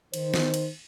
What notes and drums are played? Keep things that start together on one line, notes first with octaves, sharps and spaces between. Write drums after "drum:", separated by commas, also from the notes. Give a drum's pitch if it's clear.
D#3 C5, drum: cymbal
drum: snare
drum: cymbal